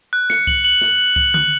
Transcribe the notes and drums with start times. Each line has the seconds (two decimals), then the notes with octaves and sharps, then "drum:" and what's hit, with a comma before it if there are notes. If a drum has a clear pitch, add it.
0.13 F#6
0.30 C#7, drum: snare
0.47 F#7, drum: kick C2
0.65 F#7
0.81 F#7, drum: snare
0.99 F#7
1.16 F#7, drum: kick C2
1.34 F#6, drum: tom D3